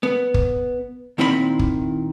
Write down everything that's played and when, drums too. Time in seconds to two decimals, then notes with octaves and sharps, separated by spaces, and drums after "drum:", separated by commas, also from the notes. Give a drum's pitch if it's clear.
0.03 B3
0.34 drum: kick
1.18 A#2 D#3 C4 E4 B4 B5
1.59 drum: kick